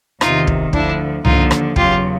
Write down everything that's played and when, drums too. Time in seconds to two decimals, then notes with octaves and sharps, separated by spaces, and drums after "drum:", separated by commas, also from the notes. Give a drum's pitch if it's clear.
0.21 E2 C3 D#3 D#4 F4, drum: rim click
0.47 drum: kick
0.73 D2 D3 F3 D4 E4, drum: kick
1.25 D#2 D3 F3 D#4 F4, drum: tom C2
1.51 drum: rim click
1.76 E2 C#3 F#3 F4 G4, drum: kick